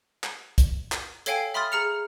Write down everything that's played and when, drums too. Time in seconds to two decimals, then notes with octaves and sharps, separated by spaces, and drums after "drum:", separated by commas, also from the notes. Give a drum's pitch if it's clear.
0.24 drum: clap
0.58 drum: kick, hi-hat
0.92 drum: clap
1.26 A4 C#5 F5 G5 G#5, drum: hi-hat
1.54 E5 B5 C6 D#6 F6 A6
1.72 G#4 A#5 F6 C#7 F7